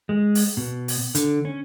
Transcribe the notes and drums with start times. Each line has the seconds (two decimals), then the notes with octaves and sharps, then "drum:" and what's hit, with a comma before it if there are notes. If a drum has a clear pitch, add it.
0.09 G#3
0.35 drum: open hi-hat
0.57 B2
0.88 drum: open hi-hat
1.15 D3, drum: hi-hat
1.45 C#4